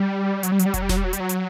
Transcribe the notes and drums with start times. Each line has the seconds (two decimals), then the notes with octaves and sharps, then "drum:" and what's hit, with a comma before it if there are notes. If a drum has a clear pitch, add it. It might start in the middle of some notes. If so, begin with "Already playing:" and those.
Already playing: G3
0.43 F#3, drum: hi-hat
0.52 G3
0.59 F#3, drum: hi-hat
0.66 G3
0.74 F#3, drum: kick F1, hi-hat
0.82 G3
0.89 F#3, drum: snare E1
0.97 G3
1.04 F#3
1.13 G3, drum: hi-hat
1.20 F#3
1.29 drum: hi-hat